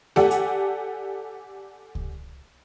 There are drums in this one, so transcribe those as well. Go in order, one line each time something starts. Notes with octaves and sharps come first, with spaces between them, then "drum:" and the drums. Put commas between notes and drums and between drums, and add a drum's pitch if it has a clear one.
G4 A4 D5 F#5 G#5, drum: snare A3
drum: hi-hat
drum: kick C#2